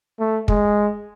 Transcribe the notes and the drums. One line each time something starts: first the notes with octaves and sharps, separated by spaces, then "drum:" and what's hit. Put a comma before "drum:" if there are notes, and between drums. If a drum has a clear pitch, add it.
A3
G#3, drum: kick